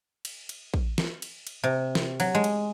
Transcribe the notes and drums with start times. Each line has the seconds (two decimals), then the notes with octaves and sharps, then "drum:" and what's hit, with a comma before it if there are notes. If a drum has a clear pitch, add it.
0.25 drum: cymbal
0.49 drum: cymbal
0.74 drum: kick
0.98 drum: snare
1.22 drum: cymbal
1.47 drum: cymbal
1.63 C3
1.95 drum: snare
2.20 F#3, drum: cymbal
2.35 G#3
2.44 drum: cymbal